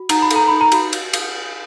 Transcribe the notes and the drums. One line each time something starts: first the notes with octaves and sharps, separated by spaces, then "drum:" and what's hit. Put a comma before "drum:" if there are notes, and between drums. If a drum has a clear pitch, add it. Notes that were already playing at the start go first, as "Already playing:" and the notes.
Already playing: F#4
D#4 A#5, drum: cymbal
B5
A4, drum: cymbal
A#5
D#4 B5
A#5
F#4 B5, drum: cymbal
drum: cymbal
drum: cymbal